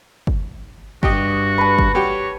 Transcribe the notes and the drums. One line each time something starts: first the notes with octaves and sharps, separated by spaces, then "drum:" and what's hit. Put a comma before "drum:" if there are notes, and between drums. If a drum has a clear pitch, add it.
drum: kick
G2 F#4 G4 D#5, drum: kick
B4 A5
drum: kick
G3 F#4 G4 C#5